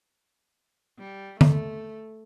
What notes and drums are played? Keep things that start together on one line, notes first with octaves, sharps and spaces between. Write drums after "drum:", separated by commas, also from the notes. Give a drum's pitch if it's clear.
G3
A3, drum: tom D3